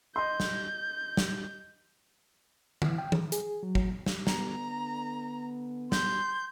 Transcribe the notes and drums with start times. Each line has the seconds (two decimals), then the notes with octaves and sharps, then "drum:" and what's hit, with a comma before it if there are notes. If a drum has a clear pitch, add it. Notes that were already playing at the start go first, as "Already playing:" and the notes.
0.16 D#5 C6 G6
0.40 drum: snare
1.17 drum: snare
2.82 E3, drum: tom D3
2.98 G5
3.12 D#3, drum: tom
3.32 G#4, drum: hi-hat
3.63 F#3
3.75 F#3, drum: kick
4.06 drum: snare
4.27 D3 B3 A#5, drum: snare
5.92 C6 G6, drum: snare